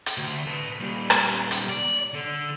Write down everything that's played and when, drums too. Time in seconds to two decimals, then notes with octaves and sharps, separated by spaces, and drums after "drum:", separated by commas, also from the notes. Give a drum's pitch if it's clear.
0.06 drum: hi-hat
0.18 D2
0.47 B4 A5
0.80 A#2 G3
1.10 drum: rim click
1.51 drum: hi-hat
1.69 D5
2.14 D3